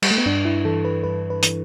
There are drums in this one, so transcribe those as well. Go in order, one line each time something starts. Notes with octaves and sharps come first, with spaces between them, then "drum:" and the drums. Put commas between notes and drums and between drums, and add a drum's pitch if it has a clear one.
G3, drum: cymbal
A3
B3
G2 D4
E4
E3 A4
B4
G2 B4
B4
E3, drum: hi-hat